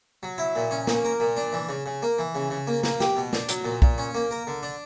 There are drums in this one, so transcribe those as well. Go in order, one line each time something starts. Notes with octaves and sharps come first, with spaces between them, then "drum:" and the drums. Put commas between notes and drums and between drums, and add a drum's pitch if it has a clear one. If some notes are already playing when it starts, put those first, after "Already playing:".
F#3
E4
A#2
C#4
A#3, drum: snare
A#4
A#2
D4
E3
C#3
C#3
A#3
E3
C#3
C#3
A#3
A#3, drum: snare
G4, drum: snare
B2
D4, drum: snare
F#3, drum: hi-hat
A#2
A#2, drum: kick
C#4
A#3
A#4
D3
D4